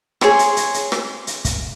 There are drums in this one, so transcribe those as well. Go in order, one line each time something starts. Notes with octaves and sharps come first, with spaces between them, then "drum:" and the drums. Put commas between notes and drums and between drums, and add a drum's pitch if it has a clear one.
G#4 C#5 C6 C#6, drum: rim click
drum: hi-hat
drum: hi-hat
drum: hi-hat
drum: rim click
drum: hi-hat
drum: kick, hi-hat